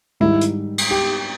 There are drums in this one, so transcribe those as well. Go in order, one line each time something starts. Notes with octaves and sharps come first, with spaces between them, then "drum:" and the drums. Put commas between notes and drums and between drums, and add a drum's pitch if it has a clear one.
G#2 D#3 G3 E4
drum: hi-hat
drum: cymbal
G4